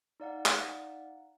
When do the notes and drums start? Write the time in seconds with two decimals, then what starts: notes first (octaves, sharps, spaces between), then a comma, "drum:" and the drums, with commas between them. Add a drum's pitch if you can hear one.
0.20 D#4 D5 F5 F#5
0.46 drum: clap